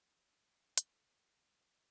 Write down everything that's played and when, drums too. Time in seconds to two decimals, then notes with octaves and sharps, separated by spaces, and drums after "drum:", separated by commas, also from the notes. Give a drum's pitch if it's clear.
0.13 G#1 C#2 B3
0.35 D3 F3 F#3 A3
0.78 D4 E4, drum: hi-hat
1.01 E3 A3 B3
1.25 C#3
1.50 C5